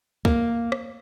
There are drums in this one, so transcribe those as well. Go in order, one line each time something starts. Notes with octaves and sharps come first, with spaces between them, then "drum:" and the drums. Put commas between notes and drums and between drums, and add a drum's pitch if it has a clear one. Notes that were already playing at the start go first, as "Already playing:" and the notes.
A#3, drum: kick
drum: rim click